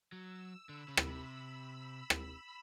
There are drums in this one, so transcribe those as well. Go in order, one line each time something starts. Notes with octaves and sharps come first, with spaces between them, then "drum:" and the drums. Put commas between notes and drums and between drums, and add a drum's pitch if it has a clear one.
F#3 E6
D3 B5
C#3
drum: rim click
C3
drum: rim click